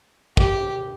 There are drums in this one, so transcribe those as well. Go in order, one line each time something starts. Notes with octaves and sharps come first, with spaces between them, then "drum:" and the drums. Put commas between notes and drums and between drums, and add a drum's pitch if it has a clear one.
G4, drum: kick